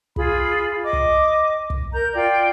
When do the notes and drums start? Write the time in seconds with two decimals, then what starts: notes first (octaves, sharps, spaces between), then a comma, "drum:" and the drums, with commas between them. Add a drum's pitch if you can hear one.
0.16 F4 G#4 B5, drum: kick
0.84 D#5 D6
0.93 drum: kick
1.70 drum: kick
1.94 A#4 A#5 G6
2.14 F4 D5 G5